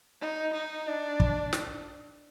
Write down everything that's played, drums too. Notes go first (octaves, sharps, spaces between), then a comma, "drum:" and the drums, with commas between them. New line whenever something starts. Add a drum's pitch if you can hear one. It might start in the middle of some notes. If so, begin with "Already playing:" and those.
D#4
D#4
D4
drum: kick
drum: snare